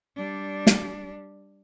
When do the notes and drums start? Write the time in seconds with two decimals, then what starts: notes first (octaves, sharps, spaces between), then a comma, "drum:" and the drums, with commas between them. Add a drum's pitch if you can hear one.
0.17 G3 D4
0.67 drum: snare